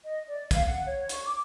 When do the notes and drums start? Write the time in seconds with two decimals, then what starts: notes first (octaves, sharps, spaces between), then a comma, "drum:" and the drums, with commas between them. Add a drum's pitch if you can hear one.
0.05 D#5
0.27 D5
0.51 F5, drum: kick, hi-hat
0.63 F#5
0.87 C#5
1.09 C#6, drum: hi-hat
1.24 D6